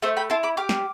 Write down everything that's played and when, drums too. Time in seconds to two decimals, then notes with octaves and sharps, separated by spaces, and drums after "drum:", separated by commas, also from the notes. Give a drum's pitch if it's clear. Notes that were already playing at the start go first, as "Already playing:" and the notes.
0.02 A3 C5 E5
0.17 G5 B5
0.30 E4 A5 C6
0.43 B5 D6
0.57 G4 D6 F6
0.69 drum: snare